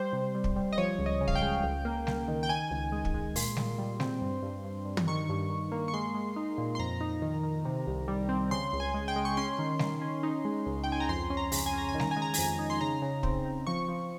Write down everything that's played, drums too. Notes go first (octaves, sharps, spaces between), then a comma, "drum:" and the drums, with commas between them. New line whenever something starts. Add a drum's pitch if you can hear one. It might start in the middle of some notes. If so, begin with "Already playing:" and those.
Already playing: G3 C5
C3
G3
drum: kick
G3
D#5
F3 C#5
C#2
D#5
C#3
F5, drum: kick
G5
G#3
C#2
A#3
A#3, drum: snare
D#3
G5
D#3 G#5
C#2
G#3
drum: kick
G#3
A#2 C6, drum: open hi-hat
A#2, drum: snare
G3
C4, drum: snare
G2
G2
G2
G2
drum: tom
D#3 C#6
G2
D#3
A#3
C#6
G#3 C6
G#3
D#4
A#2
C6
F2 A#5
D#4
D#3
D#3
C3
C2
G3
C4
C#3 C6
C#2
G#5
G#3
G5
G#3
C#6
C#4 C6
D#3
D#3, drum: snare
C#4
D#4
G#3
C#2
G5
C#2 G#5
A#5
F2 C6
C#4
A#5
C#3, drum: open hi-hat
G#5
C#4 A#5
G#5
D#3
A#5, drum: snare
G#5
G#3
A#5
F2 G#5, drum: open hi-hat
D#4
C6
C#3 A#5
C#3
C4, drum: kick
C4
F3 C#6
F3